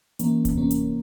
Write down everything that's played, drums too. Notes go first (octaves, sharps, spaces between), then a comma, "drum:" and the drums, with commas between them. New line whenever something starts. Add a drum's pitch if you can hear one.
E3 A#3 C#4, drum: hi-hat
drum: kick D#1, hi-hat
C3 A#3 C#4
drum: hi-hat